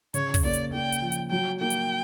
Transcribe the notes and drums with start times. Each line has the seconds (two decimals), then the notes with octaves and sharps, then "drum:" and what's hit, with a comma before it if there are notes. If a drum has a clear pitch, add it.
0.14 C#3 C#5, drum: hi-hat
0.34 drum: kick, open hi-hat
0.44 A#3 D5
0.53 drum: hi-hat
0.73 A#3 G5
0.92 drum: hi-hat
1.01 F3
1.12 drum: hi-hat
1.31 F#3 G5
1.60 A#3 G5
1.70 drum: hi-hat